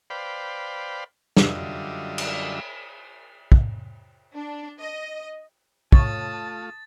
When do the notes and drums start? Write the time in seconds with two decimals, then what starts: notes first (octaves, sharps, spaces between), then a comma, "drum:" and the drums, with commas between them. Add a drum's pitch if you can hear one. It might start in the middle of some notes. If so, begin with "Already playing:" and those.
0.10 B4 C5 D5 F5 G5 B5
1.37 F#2 D3 G3 F4 D#5 E5, drum: snare
2.18 drum: cymbal
3.52 drum: kick
4.34 D4
4.79 D#5
5.92 A3 F4 C#5 A5 D#6 A6, drum: kick